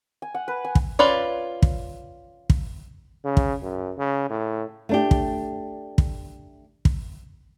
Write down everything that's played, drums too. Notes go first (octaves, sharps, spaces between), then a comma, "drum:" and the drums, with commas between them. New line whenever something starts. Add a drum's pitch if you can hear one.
G#5
F#5
B4
G#5
drum: kick
C#4 F4 B4 D5
drum: kick
drum: kick
C#3
drum: kick
F#2
C#3
A2
A3 D4 G4
drum: kick
drum: kick
drum: kick